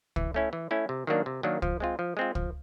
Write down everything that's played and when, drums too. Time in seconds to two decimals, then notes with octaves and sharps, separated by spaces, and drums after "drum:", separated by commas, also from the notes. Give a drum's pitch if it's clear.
0.16 E3, drum: kick
0.34 A3 C#4 E4
0.53 E3
0.71 A3 C#4 E4
0.89 C3
1.07 D#3 F#3 A#3 D4
1.26 C3
1.43 D#3 F#3 A#3 D4
1.62 F3, drum: kick
1.80 G#3 C4 F4
1.99 F3
2.17 G#3 C4 F4
2.35 F3, drum: kick